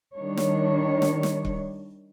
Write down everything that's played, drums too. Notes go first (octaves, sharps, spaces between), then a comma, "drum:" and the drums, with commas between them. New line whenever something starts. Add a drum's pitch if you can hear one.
D#3 G3 D4 C#5
drum: snare
drum: snare
drum: snare
drum: kick C#1